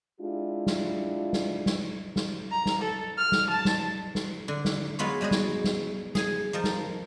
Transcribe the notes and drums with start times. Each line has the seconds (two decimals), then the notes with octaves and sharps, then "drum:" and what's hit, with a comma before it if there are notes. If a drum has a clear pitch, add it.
0.21 G#3 D4 E4 F4 G4
0.66 drum: snare
1.33 drum: snare
1.66 drum: snare
2.16 drum: snare
2.51 A#5
2.66 drum: snare
2.81 A4
3.18 F6
3.32 drum: snare
3.49 A5
3.65 drum: snare
4.15 drum: snare
4.48 D3
4.65 drum: snare
4.99 F#3 G#3 B3 F4 C#5
5.21 G3 G#3 F#4 D#5
5.31 drum: snare
5.64 drum: snare
6.15 G#4 G#5, drum: snare
6.53 F3 D#4 A#4 A5
6.64 drum: snare